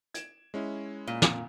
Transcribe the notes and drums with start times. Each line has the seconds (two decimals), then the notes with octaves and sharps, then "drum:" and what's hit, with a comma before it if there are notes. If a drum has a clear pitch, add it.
0.14 G#6 D7 E7, drum: hi-hat
0.54 G#3 C#4 E4
1.08 A#2
1.22 drum: snare